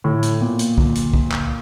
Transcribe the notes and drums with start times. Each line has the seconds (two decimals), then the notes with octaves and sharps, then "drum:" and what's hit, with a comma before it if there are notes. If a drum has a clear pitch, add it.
0.04 A2 D3
0.23 drum: hi-hat
0.41 A#2 B3
0.59 drum: hi-hat
0.78 D3, drum: kick
0.95 drum: hi-hat
1.14 D3, drum: kick
1.32 drum: clap